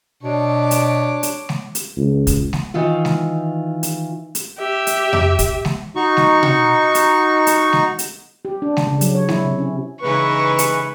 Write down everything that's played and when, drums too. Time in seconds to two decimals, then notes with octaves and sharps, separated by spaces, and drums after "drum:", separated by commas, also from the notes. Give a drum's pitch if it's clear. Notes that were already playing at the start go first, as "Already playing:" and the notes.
0.23 B2 D4 C#5 D6
0.71 drum: hi-hat
1.23 drum: hi-hat
1.49 drum: snare G#3
1.75 drum: hi-hat
1.97 C#2
2.27 drum: kick, hi-hat
2.53 drum: snare G#3
2.74 D#3 E3 F4
3.05 drum: snare G#3
3.83 drum: hi-hat
4.35 drum: hi-hat
4.58 G4 E5
4.87 drum: hi-hat
5.13 drum: tom F2
5.39 drum: kick, hi-hat
5.65 drum: snare G#3
5.96 D#4 F#4 C#6
6.17 drum: snare G#3
6.43 drum: tom B2
6.95 drum: hi-hat
7.47 drum: hi-hat
7.73 drum: snare G#3
7.99 drum: hi-hat
8.45 G4
8.62 D4
8.77 drum: snare G#3
8.87 C#3
9.01 F#3, drum: hi-hat
9.15 C#5
9.29 E4, drum: snare G#3
9.44 C3
9.58 C#4
10.02 C#3 E3 G#3 D#4 E4 B4 C#6
10.59 drum: hi-hat